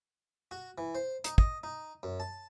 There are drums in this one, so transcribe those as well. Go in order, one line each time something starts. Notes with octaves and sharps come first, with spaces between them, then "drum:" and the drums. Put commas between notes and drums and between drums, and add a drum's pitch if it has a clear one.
F#4
E3
C5
D#4, drum: hi-hat
D#5, drum: kick
D#4
F#2
A5